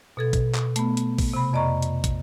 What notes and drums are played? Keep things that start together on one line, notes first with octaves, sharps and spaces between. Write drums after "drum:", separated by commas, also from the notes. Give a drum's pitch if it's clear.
B2 A4 G#6
drum: kick, hi-hat
drum: clap
A3 B3, drum: hi-hat
drum: hi-hat
drum: kick, open hi-hat
C3 B5
F2 D5 D#5 A#5 C#6
drum: hi-hat
drum: kick, hi-hat